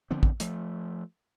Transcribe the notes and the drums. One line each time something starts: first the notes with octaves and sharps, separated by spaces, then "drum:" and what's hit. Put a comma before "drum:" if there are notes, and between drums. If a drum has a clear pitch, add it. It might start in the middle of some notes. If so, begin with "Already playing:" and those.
D3 F3 B3 C4
drum: kick
F3 A3, drum: hi-hat